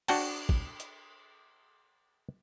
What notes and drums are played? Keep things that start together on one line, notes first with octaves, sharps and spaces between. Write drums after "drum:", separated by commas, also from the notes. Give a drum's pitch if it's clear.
D4 F#4 F#5 G5 A5, drum: cymbal
drum: kick
drum: hi-hat